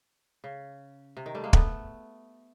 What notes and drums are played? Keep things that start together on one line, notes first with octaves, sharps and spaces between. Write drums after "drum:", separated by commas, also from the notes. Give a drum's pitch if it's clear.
C#3
C3
D#3
G3 A3
G#3 A#3
A3 B3, drum: kick